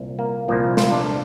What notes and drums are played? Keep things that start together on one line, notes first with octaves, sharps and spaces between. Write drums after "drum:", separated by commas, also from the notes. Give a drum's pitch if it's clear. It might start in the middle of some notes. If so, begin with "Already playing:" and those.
Already playing: C2 A#2
A#3
C2 A#2 F3 A#3
F4, drum: snare
D4